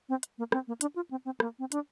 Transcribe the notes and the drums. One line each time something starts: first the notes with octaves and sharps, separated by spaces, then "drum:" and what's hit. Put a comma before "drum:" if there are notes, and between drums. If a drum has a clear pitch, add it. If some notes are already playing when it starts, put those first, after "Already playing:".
C4
drum: hi-hat
A#3
C4, drum: rim click
A#3
D4, drum: hi-hat
F4
C4
C4
A#3, drum: rim click
C4
D4, drum: hi-hat